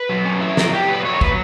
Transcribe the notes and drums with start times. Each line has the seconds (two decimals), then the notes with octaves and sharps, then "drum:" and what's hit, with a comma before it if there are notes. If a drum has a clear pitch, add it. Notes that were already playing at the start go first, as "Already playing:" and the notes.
Already playing: B4
0.09 F#3
0.25 C#4
0.41 E4
0.57 F#3 A#4, drum: snare
0.73 F#3 G4
0.89 A#2 B4
1.05 F#3 C#5
1.14 A#4
1.21 F#3 B4, drum: kick